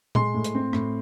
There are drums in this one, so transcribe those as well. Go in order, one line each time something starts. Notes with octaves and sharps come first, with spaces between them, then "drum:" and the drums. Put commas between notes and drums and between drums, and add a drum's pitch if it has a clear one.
G#3 C6, drum: tom A#2
A2
drum: hi-hat
C4
A2, drum: rim click